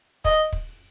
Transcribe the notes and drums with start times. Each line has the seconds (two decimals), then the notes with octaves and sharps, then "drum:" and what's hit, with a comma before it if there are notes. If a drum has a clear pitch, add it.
0.25 D#5, drum: kick
0.53 drum: kick